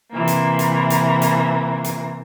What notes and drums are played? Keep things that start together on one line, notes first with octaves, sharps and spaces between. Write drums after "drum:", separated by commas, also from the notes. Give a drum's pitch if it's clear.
C3 E3 A#3
drum: hi-hat
drum: hi-hat
drum: hi-hat
drum: hi-hat
drum: hi-hat